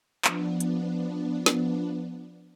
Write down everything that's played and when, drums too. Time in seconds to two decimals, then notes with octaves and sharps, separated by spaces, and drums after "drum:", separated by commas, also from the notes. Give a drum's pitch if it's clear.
0.25 F3 B3 D4, drum: clap
0.60 drum: hi-hat
1.46 drum: snare